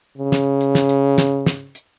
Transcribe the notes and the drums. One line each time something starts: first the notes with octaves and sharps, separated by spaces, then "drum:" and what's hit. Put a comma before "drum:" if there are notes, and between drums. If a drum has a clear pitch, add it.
C#3
drum: snare
drum: hi-hat
drum: snare
drum: hi-hat
drum: snare
drum: snare
drum: hi-hat